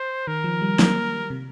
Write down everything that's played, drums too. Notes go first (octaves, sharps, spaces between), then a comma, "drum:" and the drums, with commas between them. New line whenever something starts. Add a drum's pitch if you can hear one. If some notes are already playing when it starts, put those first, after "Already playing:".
Already playing: C5
D#3 A#4
F3
G3
A#3, drum: snare
C3